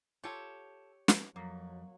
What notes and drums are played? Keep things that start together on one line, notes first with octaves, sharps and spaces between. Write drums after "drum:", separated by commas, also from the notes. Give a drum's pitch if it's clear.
F4 G4 A4 C#5
drum: snare
F2 F#3 A#3